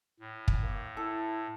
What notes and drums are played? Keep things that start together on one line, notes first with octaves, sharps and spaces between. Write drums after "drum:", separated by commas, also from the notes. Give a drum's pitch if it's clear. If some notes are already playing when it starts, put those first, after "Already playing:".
A2
drum: kick
A#3
E4 A4